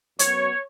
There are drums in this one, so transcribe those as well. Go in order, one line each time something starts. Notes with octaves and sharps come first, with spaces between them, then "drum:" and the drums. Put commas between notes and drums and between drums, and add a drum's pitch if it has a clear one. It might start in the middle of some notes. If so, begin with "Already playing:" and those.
F#2 F#3 B3 C#5, drum: hi-hat